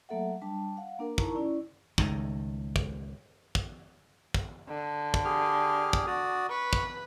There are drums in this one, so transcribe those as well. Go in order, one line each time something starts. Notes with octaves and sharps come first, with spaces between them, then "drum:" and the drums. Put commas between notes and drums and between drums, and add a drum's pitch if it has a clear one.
F#3 A3 A#3 A4 E5 F#5
G3 D4 A5
F5 F#5
A#3 D4 A#4
D#4 E4 A#4 A5 A#5 C#6, drum: kick
C#4 E4 D5
C#2 A2 D#3, drum: kick
drum: kick
drum: kick
drum: kick
D3
drum: kick
G4 G#4 F6
drum: kick
F#4 D5 D#6
B4 C#6
drum: kick